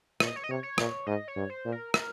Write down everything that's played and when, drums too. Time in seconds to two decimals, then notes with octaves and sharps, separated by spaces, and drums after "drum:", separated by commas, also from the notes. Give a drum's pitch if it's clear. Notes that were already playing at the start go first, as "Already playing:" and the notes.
0.20 A#2 C#5, drum: rim click
0.27 D#5
0.36 C#5
0.44 D#5
0.49 C3 C#5
0.63 C#5
0.78 A#2, drum: rim click
1.07 G#2 D#5
1.28 C#5
1.36 G2
1.50 C5
1.65 A#2
1.72 A#4
1.94 A#4, drum: rim click